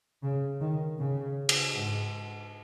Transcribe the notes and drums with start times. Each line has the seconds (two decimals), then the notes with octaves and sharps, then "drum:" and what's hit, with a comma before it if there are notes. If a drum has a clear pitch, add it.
0.23 C#3
0.61 D#3
0.99 C#3
1.49 drum: cymbal
1.74 G#2